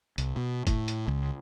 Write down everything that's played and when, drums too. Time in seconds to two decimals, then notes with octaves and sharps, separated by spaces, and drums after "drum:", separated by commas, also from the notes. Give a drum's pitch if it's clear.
0.18 C2, drum: hi-hat
0.36 B2
0.67 A2, drum: kick, hi-hat
0.88 drum: hi-hat
1.08 C#2